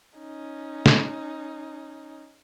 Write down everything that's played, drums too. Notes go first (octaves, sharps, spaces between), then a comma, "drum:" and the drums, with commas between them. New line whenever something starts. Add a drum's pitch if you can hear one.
C#4 D#4
drum: snare